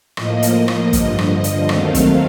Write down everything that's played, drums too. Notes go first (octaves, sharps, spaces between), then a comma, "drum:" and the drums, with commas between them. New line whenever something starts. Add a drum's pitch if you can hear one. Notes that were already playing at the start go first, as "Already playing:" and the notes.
A2 F3 A#3 D#5, drum: rim click
drum: hi-hat
drum: rim click
G2 D3 F3, drum: kick, hi-hat
drum: rim click
drum: hi-hat
D#2 D#3 F#3 A3 C4 F5, drum: rim click
drum: kick, hi-hat